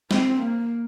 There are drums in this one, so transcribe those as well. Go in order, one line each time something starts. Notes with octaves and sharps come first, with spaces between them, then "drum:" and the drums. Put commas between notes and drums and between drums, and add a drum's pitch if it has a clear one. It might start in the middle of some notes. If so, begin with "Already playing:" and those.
C4, drum: snare
A#3